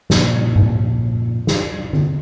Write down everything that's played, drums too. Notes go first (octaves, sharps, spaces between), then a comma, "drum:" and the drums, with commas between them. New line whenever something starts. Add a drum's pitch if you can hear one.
A#2 C#3 F3, drum: snare
drum: tom G#2
drum: snare
drum: tom D3